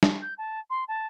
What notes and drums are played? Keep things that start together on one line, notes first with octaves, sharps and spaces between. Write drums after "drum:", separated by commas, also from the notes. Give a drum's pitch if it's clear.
drum: snare
G6
A5
C6
A5